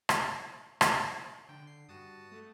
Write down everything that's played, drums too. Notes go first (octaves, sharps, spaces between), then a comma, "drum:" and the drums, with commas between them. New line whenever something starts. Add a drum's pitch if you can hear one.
drum: rim click
drum: rim click
D3 G5
C7
G2 F#4 A5 D#6
A3